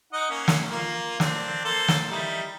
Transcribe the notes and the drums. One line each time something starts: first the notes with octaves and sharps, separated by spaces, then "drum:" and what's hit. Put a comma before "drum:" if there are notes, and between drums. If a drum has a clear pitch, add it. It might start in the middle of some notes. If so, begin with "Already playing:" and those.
D#4 D#5 F#5
A#3 C#4
drum: snare
A#3 F4
C4 D4, drum: snare
A#3 A4 C5
drum: snare
G3 D#4 E4